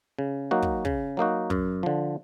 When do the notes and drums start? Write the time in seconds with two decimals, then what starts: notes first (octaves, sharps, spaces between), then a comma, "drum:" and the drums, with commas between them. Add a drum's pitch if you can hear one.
0.19 C#3
0.51 F#3 A#3 D#4 F#4
0.62 drum: kick
0.85 C#3, drum: kick
1.17 F#3 A#3 D#4 F#4
1.50 F#2, drum: kick
1.83 D3 F3